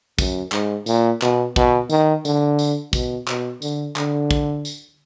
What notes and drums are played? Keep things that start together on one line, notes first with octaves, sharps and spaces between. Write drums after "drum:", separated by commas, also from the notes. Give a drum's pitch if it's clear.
F#2, drum: kick, tambourine
G#2, drum: clap
A#2, drum: tambourine
B2, drum: clap
B2, drum: kick
D#3, drum: tambourine
D3, drum: tambourine
drum: tambourine
B2, drum: kick, tambourine
B2, drum: clap
D3, drum: tambourine
D3, drum: clap
drum: kick
drum: tambourine